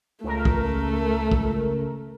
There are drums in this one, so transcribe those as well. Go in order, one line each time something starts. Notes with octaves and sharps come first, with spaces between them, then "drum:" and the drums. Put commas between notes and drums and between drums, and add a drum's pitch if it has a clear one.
C#2 A3 A#4
drum: kick
drum: kick